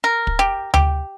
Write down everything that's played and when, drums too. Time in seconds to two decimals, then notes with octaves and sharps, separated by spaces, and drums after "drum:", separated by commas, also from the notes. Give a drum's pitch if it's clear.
0.04 A#4
0.27 drum: kick
0.39 G4
0.74 G4, drum: tom D2